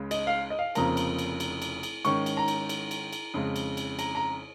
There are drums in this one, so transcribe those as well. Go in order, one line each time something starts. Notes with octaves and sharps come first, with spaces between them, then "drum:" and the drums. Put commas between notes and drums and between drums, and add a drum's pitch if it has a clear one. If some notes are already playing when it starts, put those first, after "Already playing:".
Already playing: C#2 C#3 G#3
D#5, drum: cymbal
F5
D#5
F5
F1 F2 C#3 F3 A#3 A#5, drum: cymbal
drum: cymbal
drum: cymbal
drum: cymbal
drum: cymbal
drum: cymbal
G#2 D#3 C#4 C#6, drum: cymbal
drum: cymbal
A#5
drum: cymbal
drum: cymbal
drum: cymbal
drum: cymbal
F2 C#3 G#3
drum: cymbal
drum: cymbal
A#5, drum: cymbal
A#5